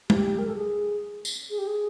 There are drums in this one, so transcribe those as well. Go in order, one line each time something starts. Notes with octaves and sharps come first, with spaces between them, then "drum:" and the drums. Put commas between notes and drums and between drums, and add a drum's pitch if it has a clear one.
G4, drum: tom G#3
A#4
A4
G#4
drum: tambourine
G#4
G4
G#4